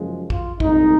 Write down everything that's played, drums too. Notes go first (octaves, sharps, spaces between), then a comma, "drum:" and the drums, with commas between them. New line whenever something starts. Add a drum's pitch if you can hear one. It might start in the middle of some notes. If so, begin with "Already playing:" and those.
Already playing: F#1 F#2 F3 G#3
F4, drum: kick
C2 A#2 G#3 D#4, drum: kick